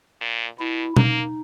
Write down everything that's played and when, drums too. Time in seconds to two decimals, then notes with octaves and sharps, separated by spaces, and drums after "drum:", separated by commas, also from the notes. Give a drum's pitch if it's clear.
0.21 A#2
0.59 B2 E4
0.97 A#3 D#4, drum: tom B2